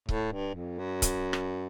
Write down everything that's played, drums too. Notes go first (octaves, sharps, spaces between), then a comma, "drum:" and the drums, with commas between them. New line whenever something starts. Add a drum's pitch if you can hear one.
A2, drum: kick C#1
G2
F2
F#2
drum: kick C#1, hi-hat
drum: rim click